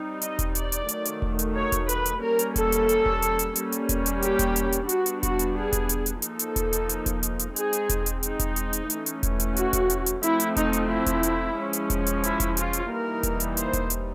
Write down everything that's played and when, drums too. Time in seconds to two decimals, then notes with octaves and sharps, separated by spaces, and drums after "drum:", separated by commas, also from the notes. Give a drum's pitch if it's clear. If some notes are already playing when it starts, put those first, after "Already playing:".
Already playing: G3 C4 D#4
0.22 D#5, drum: hi-hat
0.39 drum: kick E1, hi-hat
0.55 D5, drum: hi-hat
0.72 drum: hi-hat
0.89 D#3 F#3 A3, drum: hi-hat
1.05 drum: hi-hat
1.22 drum: kick E1
1.39 drum: hi-hat
1.55 C#5
1.72 drum: kick E1, hi-hat
1.89 B4, drum: hi-hat
2.06 drum: hi-hat
2.22 G3 A#3 C#4 A#4
2.39 drum: hi-hat
2.56 A4, drum: kick E1, hi-hat
2.72 drum: hi-hat
2.89 drum: hi-hat
3.06 drum: kick E1
3.22 drum: hi-hat
3.39 drum: hi-hat
3.56 G3 A#3 C#4, drum: hi-hat
3.72 drum: hi-hat
3.89 drum: kick E1, hi-hat
4.06 drum: hi-hat
4.22 G4, drum: hi-hat
4.39 drum: kick E1, hi-hat
4.56 drum: hi-hat
4.72 drum: hi-hat
4.89 G3 B3 D4 F#4, drum: hi-hat
5.06 drum: hi-hat
5.23 F#4, drum: kick E1, hi-hat
5.39 drum: hi-hat
5.56 G#4
5.73 drum: kick E1, hi-hat
5.89 drum: hi-hat
6.06 drum: hi-hat
6.22 F3 A#3 D#4 A4, drum: hi-hat
6.39 drum: hi-hat
6.56 drum: kick E1, hi-hat
6.73 drum: hi-hat
6.89 drum: hi-hat
7.06 drum: kick E1, hi-hat
7.23 drum: hi-hat
7.39 drum: hi-hat
7.56 G#3 C4 D#4 G#4, drum: hi-hat
7.73 drum: hi-hat
7.89 drum: kick E1, hi-hat
8.06 drum: hi-hat
8.23 D#4, drum: hi-hat
8.39 drum: kick E1, hi-hat
8.56 drum: hi-hat
8.73 drum: hi-hat
8.90 E3 A3 C#4, drum: hi-hat
9.06 drum: hi-hat
9.23 drum: kick E1, hi-hat
9.40 drum: hi-hat
9.56 F#4, drum: hi-hat
9.73 drum: kick E1, hi-hat
9.90 drum: hi-hat
10.06 drum: hi-hat
10.23 F3 A3 C4 E4, drum: hi-hat
10.40 drum: hi-hat
10.56 D#4, drum: kick E1, hi-hat
10.73 drum: hi-hat
10.90 E4
11.06 drum: kick E1, hi-hat
11.23 drum: hi-hat
11.57 F3 G#3 C#4
11.73 drum: hi-hat
11.90 drum: kick E1, hi-hat
12.06 drum: hi-hat
12.24 E4, drum: hi-hat
12.40 drum: kick E1, hi-hat
12.57 F4, drum: hi-hat
12.73 drum: hi-hat
12.90 E3 G3 A#3 D#4 A#4
13.23 drum: kick E1, hi-hat
13.40 drum: hi-hat
13.57 C5, drum: hi-hat
13.73 drum: kick E1, hi-hat
13.90 drum: hi-hat